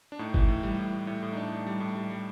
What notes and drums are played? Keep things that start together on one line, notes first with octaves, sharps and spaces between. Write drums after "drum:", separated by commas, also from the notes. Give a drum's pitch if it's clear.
D4
A2 D#4
E3, drum: kick G1
A2
G3
A2
A2
A2
A2
D#4
A2 D4
A2
G3
A2
G3
G3